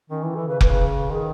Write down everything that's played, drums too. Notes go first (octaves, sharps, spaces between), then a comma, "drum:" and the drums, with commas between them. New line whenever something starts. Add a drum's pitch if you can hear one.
D#3 C#4
E3 E4
E3 A4
C#3 B4
C#3 B4, drum: kick F1
D#3 G#4